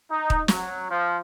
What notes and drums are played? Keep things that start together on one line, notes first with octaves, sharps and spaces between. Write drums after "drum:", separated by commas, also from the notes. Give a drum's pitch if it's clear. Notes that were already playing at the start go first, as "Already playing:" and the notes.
D#4
drum: kick D#1
F#3, drum: snare
F3